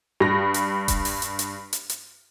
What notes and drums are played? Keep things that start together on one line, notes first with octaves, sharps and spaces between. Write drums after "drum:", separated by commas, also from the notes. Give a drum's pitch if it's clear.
G2 A#6
drum: hi-hat
drum: kick D#1, hi-hat
drum: open hi-hat
drum: hi-hat
drum: hi-hat
drum: hi-hat
drum: hi-hat